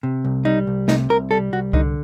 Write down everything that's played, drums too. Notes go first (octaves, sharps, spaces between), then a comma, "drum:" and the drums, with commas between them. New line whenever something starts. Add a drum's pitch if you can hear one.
C3
C2
G3 D#4
C2
C3 D#4, drum: snare
C2 A#4
G3 A4
C2 F#4
D3 D#4, drum: kick C2